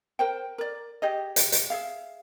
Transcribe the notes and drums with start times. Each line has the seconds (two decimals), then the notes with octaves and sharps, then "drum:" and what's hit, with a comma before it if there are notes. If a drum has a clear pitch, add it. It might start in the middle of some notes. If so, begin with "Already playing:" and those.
0.19 A#4 C5 G5
0.58 A#4 D5
1.02 G4 G#4 D#5
1.36 drum: hi-hat
1.52 drum: hi-hat
1.70 G#4 E5 F5